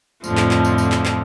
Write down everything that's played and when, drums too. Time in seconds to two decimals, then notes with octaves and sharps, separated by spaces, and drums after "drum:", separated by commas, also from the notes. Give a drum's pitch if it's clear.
0.24 F2 A2 D3 F3, drum: tambourine
0.37 drum: clap
0.51 drum: clap
0.65 drum: tambourine
0.78 drum: tambourine
0.92 drum: clap
1.05 drum: clap